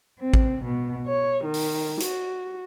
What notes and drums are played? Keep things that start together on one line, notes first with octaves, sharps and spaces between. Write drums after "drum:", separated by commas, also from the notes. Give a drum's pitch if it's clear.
C4
drum: kick A1
B2
C#5
D#3
drum: open hi-hat
F#4, drum: hi-hat